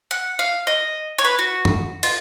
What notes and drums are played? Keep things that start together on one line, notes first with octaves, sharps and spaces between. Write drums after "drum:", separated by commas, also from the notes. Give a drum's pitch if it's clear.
F#5
F5
D#5
C#5
B4
F#4
drum: tom
F4, drum: cymbal